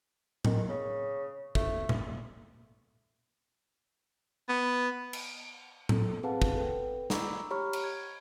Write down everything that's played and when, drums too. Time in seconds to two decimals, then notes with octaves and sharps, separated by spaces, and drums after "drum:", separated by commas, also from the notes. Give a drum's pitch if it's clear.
0.45 D#3, drum: tom A2
0.69 C#3
1.55 A3, drum: kick
1.89 drum: tom A#2
4.49 B3
5.13 drum: cymbal
5.89 A4, drum: tom A2
6.23 C4 G#4 B4 F5 F#5 A5
6.42 drum: kick
6.56 A4 B4 G5
7.10 A#5 B5 C#6 D6 E6, drum: snare
7.50 G4 C#5 A#5 B5 C#6 F6
7.73 drum: cymbal
7.84 G#6